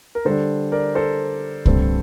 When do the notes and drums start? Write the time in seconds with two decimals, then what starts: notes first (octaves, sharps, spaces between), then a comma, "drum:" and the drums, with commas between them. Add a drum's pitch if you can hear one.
0.15 A#4
0.25 D3 G3 D4 A4 C5
0.72 A#4 D5
0.95 A4 C5
1.66 G2 D3 A3 C4, drum: kick C2